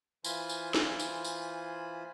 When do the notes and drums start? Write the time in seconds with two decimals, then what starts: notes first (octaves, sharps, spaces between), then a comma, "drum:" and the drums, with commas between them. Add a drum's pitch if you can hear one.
0.24 E3 F4 C5 G#5 B5, drum: tambourine
0.49 drum: tambourine
0.74 drum: snare
0.99 drum: tambourine
1.24 drum: tambourine